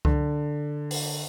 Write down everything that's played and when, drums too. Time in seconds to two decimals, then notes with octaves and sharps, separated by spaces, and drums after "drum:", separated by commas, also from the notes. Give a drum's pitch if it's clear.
0.05 D3, drum: kick C#2
0.91 drum: open hi-hat